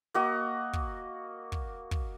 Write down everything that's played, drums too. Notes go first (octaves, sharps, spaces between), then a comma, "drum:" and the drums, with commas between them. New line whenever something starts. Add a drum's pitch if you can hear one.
A#3 F#4 D#5
drum: kick
drum: kick
drum: kick